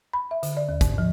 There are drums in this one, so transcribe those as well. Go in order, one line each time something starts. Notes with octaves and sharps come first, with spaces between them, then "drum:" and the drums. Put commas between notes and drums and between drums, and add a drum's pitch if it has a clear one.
B5
E5
D3, drum: hi-hat
D5
D#2
G#2, drum: kick, hi-hat
F3